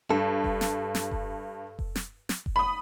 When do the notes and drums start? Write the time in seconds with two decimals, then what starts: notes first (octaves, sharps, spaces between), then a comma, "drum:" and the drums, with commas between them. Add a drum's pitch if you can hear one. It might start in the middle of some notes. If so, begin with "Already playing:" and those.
0.10 G2 A4
0.44 drum: kick F1
0.61 drum: snare
0.95 drum: snare
1.11 drum: kick F1
1.79 drum: kick F1
1.95 drum: snare
2.29 drum: snare
2.46 drum: kick F1
2.56 B5 D#6